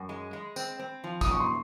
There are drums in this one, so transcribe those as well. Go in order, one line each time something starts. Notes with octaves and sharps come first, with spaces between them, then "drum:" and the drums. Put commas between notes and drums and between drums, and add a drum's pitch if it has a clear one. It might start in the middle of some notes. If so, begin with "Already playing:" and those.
Already playing: F#2
G#3
G#3
C4, drum: tambourine
C4
F3
D#6, drum: kick, tambourine
F#2 C#6
C6